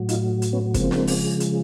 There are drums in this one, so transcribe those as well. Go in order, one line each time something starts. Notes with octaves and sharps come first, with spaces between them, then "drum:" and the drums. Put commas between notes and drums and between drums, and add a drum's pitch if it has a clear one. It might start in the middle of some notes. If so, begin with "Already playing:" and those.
Already playing: A2 F#3
D#4 F4, drum: hi-hat
drum: hi-hat
B3 C#4
C#3 F3 G#3 A#3 C4, drum: kick, hi-hat
drum: snare
drum: open hi-hat
drum: hi-hat